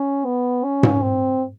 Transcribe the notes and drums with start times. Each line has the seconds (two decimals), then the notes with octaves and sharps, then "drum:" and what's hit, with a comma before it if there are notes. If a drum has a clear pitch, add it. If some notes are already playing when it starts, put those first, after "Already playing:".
Already playing: C#4
0.25 B3
0.64 C#4
0.83 drum: tom G#2
1.02 C4